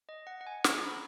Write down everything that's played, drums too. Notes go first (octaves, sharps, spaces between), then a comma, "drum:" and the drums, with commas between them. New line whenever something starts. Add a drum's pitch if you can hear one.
D#5
F#5
F#5
G#5
C#4 G#4 A#5, drum: snare
B5